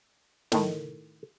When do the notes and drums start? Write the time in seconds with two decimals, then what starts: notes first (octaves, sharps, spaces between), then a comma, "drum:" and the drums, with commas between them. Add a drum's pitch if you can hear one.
0.52 A2 D#3, drum: snare